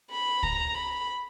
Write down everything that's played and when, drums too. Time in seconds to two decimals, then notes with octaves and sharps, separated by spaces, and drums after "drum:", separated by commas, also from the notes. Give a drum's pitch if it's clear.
0.10 B5
0.43 A#5, drum: kick
0.75 B5